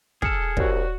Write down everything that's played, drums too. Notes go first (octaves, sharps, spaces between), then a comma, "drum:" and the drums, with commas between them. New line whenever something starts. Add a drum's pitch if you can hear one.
G#4 A4 F6 C#7 E7, drum: kick
C2 F#4 C#5 D5, drum: kick